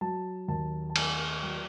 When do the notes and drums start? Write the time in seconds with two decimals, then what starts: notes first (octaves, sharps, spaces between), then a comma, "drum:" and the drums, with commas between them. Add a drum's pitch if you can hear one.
0.01 F#3 A5
0.48 D#2 A5
0.90 A5
0.96 A3 G#5, drum: cymbal
1.42 F#3 G5